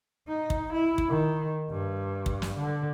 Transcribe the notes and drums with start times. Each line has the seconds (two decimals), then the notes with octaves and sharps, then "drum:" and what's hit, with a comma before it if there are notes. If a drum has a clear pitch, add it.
0.28 D#4
0.50 drum: kick
0.72 E4
0.98 drum: kick
1.09 D#3
1.70 G2
2.26 drum: kick
2.42 drum: snare
2.58 D3